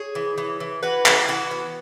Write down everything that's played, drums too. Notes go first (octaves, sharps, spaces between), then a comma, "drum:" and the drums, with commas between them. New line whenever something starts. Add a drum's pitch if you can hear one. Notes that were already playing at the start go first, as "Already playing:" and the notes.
Already playing: G#4 C#5
E3
E3
E3
E3 F#4 B4
E3, drum: clap
E3 F#4 B4
B3